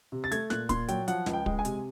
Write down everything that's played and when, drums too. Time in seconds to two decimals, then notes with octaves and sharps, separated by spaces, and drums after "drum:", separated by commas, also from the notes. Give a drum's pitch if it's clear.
0.12 C3
0.24 A6
0.32 A3 G#6, drum: hi-hat
0.50 A#2 F#6, drum: snare
0.69 A#2 C6, drum: kick, hi-hat
0.88 F#3 G5, drum: hi-hat
1.08 F3 F#5, drum: hi-hat
1.26 C#2, drum: snare
1.33 G5
1.46 G#3, drum: kick
1.59 G#5
1.65 C3, drum: hi-hat